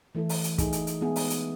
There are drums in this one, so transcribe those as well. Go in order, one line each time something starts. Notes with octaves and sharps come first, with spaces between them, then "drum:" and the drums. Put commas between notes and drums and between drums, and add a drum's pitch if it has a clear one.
E3 A3 E4 A4
drum: open hi-hat
drum: hi-hat
A3 D#4 G#4, drum: kick, hi-hat
drum: hi-hat
drum: hi-hat
G#3 B3 E4 G#4
drum: open hi-hat
drum: hi-hat